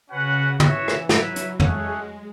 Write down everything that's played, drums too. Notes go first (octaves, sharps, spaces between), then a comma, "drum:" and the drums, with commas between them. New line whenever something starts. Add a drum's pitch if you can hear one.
C#3 C#4 F#4 B4 F#5
E3 F#4 C#5 E5, drum: tom
drum: rim click
F#3 E4 B4 E5, drum: snare
drum: hi-hat
G#3 A3 C#4 G#4 C#5 F#5, drum: tom